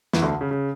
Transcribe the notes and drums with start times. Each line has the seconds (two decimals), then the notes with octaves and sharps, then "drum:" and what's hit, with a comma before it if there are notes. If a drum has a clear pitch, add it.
0.13 E2 E3, drum: snare
0.22 D2 D3
0.41 C#3
0.51 C#3